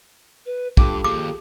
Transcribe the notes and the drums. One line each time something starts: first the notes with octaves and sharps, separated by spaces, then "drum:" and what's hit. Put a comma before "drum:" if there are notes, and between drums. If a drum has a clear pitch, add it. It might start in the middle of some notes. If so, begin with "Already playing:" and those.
B4
G2 F4 G4 A4 D6, drum: kick
D#2 F3 G#4 D6